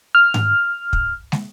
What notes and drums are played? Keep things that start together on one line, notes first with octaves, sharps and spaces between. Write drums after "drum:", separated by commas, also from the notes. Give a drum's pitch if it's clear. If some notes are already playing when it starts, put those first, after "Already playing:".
F6
drum: tom G#2
drum: kick
drum: snare